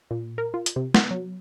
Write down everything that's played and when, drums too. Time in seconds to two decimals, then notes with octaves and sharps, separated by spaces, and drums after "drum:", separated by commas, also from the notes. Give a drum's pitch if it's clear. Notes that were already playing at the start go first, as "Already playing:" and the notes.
0.11 A#2
0.38 A#4
0.54 F4
0.66 drum: hi-hat
0.76 C3
0.94 B3, drum: snare
1.11 F#3